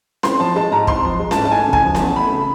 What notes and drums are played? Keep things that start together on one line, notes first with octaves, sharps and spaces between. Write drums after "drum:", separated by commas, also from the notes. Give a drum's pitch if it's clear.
C4 C6, drum: snare C#4
F3 A5
G#3 A5
G#2 A#5
C4 C6, drum: kick
F3
G#3
A5, drum: snare C#4
G#2
A5
A3 G#5
C#3
G#5, drum: kick
F3
E2 A5, drum: snare C#4
A3 B5
C#3